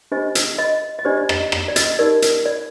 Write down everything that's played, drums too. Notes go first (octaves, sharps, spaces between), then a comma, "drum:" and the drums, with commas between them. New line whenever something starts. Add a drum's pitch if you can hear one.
D4 G4 C5 D#5
drum: hi-hat
D#5
D#5
D4 G4 C5 D5
D5
D#5, drum: rim click
drum: rim click
D5
D#5, drum: hi-hat
D#4 G4 A#4 D5
drum: hi-hat
D5